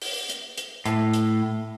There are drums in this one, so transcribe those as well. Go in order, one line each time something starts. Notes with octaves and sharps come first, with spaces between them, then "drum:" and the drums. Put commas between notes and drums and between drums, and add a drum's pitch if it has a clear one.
drum: open hi-hat
drum: hi-hat
drum: hi-hat
A2, drum: hi-hat
drum: hi-hat